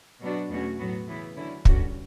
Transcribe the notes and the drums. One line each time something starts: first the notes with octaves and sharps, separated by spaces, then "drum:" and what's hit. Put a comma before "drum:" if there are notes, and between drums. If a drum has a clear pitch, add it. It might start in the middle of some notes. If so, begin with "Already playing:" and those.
B2 F#3 B3 D4 F#4
E2 B2 A3 C#4 F#4
A2 F#3 B3 F#4
C#3 E3 B3 E4
D3 F#3 C#4 E4
E2 D3 G3 C#4 F#4, drum: kick